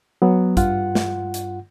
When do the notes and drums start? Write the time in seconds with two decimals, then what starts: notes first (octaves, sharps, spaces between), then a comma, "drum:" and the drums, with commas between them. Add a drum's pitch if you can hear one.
0.22 F#3 B3
0.57 G2 F4 F#5, drum: kick, hi-hat
0.95 drum: snare
1.34 drum: hi-hat